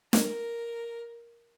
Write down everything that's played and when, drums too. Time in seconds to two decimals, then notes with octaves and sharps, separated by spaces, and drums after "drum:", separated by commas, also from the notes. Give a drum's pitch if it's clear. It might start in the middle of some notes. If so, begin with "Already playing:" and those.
0.13 A#4, drum: snare